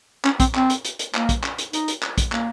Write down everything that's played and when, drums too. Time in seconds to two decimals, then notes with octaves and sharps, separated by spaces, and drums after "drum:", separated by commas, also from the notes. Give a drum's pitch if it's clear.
0.25 C#4, drum: clap
0.40 C4, drum: kick, hi-hat
0.55 C4, drum: clap
0.70 drum: hi-hat
0.85 drum: hi-hat
0.99 drum: hi-hat
1.15 A#3, drum: clap
1.29 drum: kick, hi-hat
1.44 drum: clap
1.58 drum: hi-hat
1.73 D#4, drum: hi-hat
1.88 drum: hi-hat
2.03 drum: clap
2.18 drum: kick, hi-hat
2.32 A#3, drum: clap